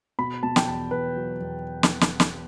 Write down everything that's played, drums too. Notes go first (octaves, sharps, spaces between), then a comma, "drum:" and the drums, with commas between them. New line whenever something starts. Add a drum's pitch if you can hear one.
B2 B5
B2 A5
G5, drum: snare
E2 A5
E2 B4
F#3
E2
drum: snare
drum: snare
drum: snare